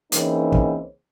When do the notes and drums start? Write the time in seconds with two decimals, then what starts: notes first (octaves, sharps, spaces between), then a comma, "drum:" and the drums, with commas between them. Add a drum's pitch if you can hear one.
0.12 C#3 E3 A#3 C4 D#4, drum: hi-hat
0.52 drum: kick